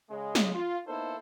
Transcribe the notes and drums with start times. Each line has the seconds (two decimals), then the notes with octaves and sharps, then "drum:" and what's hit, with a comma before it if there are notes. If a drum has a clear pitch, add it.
0.10 C#3 G#3
0.35 drum: snare
0.54 F4
0.87 A#3 B3 D#4 E4 A4 C5